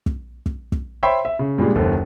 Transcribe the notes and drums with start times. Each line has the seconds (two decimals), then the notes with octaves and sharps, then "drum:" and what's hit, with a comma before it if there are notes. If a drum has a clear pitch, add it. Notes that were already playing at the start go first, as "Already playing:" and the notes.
0.06 drum: kick
0.46 drum: kick
0.72 drum: kick
1.03 C5 C#5 E5 G5 B5 C6
1.25 E5
1.39 C#3
1.58 G2 A#2 G3 G#3
1.75 F#1 D#2 A4 C5